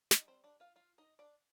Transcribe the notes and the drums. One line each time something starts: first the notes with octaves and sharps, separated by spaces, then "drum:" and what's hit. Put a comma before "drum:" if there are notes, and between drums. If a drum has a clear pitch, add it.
G3 D4 D#4 D#5, drum: snare
C4 C5
D4 D5
F4 F5
F4 F5
D#4 D#5
D4 D5